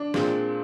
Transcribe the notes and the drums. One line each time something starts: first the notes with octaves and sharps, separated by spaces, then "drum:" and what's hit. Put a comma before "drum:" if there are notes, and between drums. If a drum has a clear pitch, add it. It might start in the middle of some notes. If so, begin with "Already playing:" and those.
Already playing: D4
A#2 G#3 C4, drum: snare